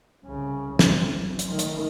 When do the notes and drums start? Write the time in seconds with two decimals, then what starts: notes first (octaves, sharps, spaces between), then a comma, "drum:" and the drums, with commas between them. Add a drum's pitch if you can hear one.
0.25 C2 C#3
0.79 G3 C4, drum: snare
1.13 F#1
1.39 drum: hi-hat
1.49 D#3 A3
1.59 drum: hi-hat